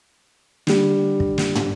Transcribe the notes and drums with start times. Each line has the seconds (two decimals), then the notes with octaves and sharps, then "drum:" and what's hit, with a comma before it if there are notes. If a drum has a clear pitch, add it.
0.67 D3 G3, drum: snare
1.20 drum: kick
1.38 drum: snare
1.55 drum: tom